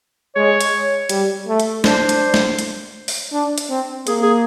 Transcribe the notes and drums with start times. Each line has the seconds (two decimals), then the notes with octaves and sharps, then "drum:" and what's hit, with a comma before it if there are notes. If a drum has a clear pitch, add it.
0.35 G#3 C#5
0.61 drum: hi-hat
1.09 G3, drum: hi-hat
1.48 A3
1.60 drum: hi-hat
1.84 D4 C5, drum: snare
2.09 drum: hi-hat
2.34 drum: snare
2.59 drum: hi-hat
3.08 drum: open hi-hat
3.33 D4
3.58 drum: hi-hat
3.70 C4
4.07 A#3 G#4, drum: hi-hat
4.22 G#4